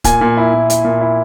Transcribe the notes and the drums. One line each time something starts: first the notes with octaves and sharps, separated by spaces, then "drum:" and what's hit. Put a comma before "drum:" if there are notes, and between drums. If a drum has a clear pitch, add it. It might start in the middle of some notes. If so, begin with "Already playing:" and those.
A#2 G#5, drum: kick C#1, hi-hat
A#2
E4
A#2
E4, drum: hi-hat
A#2
E4